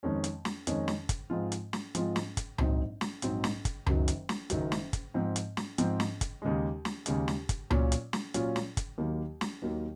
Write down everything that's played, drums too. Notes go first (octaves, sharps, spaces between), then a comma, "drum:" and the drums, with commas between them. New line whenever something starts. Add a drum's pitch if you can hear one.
F2 D#3 G#3 C#4
drum: hi-hat
drum: snare
F2 D#3 G#3 C#4, drum: hi-hat
drum: snare
drum: kick G1, hi-hat
G#2 F3 G#3 C4 F4
drum: hi-hat
drum: snare
G#2 F3 G#3 C4 F4, drum: hi-hat
drum: snare
drum: kick G1, hi-hat
A#1 G#2 F#3 C4 D#4, drum: tom C#2
drum: snare
A#1 G#2 F#3 C4 D#4, drum: hi-hat
drum: snare
drum: kick G1, hi-hat
F#1 F#2 D#3 F#3, drum: tom C#2
drum: hi-hat
drum: snare
F#1 F#2 D#3 F#3, drum: hi-hat
drum: snare
drum: kick G1, hi-hat
G#2 F3 C4
drum: hi-hat
drum: snare
G#2 F3 C4, drum: hi-hat
drum: snare
drum: kick G1, hi-hat
D#2 C#3 G#3
drum: snare
D#2 C#3 G#3, drum: hi-hat
drum: snare
drum: kick G1, hi-hat
A#2 F#3 C#4 F4, drum: tom C#2
drum: hi-hat
drum: snare
A#2 F#3 C#4 F4, drum: hi-hat
drum: snare
drum: kick G1, hi-hat
D#2 D#3 F#3 A#3
drum: snare
D#2 D#3 F#3 A#3